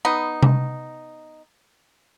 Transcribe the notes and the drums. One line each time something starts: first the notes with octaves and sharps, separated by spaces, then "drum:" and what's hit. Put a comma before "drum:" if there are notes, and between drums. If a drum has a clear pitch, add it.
B3 D#4
drum: tom C3